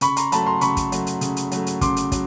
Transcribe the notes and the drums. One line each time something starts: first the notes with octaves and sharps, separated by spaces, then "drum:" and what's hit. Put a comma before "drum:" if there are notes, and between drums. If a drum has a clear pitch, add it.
C#3 B5 C#6, drum: hi-hat
A#5 C6, drum: hi-hat
F#3 A3 A5 B5, drum: hi-hat
A#5 C6
C#3 B5 C#6, drum: hi-hat
drum: kick, hi-hat
F#3 A3, drum: hi-hat
drum: hi-hat
C#3, drum: hi-hat
drum: hi-hat
F#3 A3, drum: hi-hat
drum: hi-hat
C#3 C6 D6, drum: kick, hi-hat
drum: hi-hat
F#3, drum: kick, hi-hat